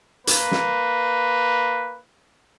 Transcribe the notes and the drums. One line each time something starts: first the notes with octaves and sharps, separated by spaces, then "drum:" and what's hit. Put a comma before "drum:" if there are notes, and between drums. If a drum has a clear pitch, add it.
A#3 B4, drum: hi-hat
drum: snare